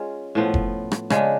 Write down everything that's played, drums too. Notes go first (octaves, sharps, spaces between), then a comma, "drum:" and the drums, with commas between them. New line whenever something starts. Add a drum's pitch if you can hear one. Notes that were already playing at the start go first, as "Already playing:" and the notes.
Already playing: G#3 C#4 F4
A2 F3 B3
drum: kick F1
drum: rim click
C#3 G#3 D4, drum: rim click